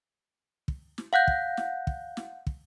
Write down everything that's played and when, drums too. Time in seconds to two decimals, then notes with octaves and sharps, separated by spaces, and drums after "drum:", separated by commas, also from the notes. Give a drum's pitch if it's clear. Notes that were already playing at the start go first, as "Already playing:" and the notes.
0.68 drum: kick
0.98 drum: snare
1.13 F5 F#5 F#6 G6
1.28 drum: kick
1.57 drum: snare
1.87 drum: kick
2.17 drum: snare
2.47 drum: kick